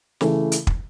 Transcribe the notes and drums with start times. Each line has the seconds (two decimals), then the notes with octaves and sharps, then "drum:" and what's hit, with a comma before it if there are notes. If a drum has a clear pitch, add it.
0.21 C#3 E3 A3, drum: snare
0.52 drum: hi-hat
0.67 drum: kick